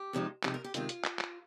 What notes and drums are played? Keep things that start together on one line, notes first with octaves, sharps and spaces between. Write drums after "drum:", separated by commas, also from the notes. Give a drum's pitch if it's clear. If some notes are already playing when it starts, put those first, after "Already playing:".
Already playing: G4
F2 C3 F3 G#3 D#4
F2 C3 F3 G#3 D#4 G4, drum: clap
A#4
G4
C3 D#3 G#3 C4 D#4 F4, drum: hi-hat
drum: hi-hat
drum: clap
drum: clap